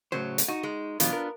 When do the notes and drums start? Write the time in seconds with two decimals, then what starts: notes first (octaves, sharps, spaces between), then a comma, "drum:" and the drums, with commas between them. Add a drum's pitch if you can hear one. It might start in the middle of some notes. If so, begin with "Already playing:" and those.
0.12 A2 C#3 F#3 C5
0.38 drum: hi-hat
0.48 D#4 F#4
0.63 G#3
1.00 F#2 B2 E3 B3 D4 F4, drum: hi-hat
1.13 A#4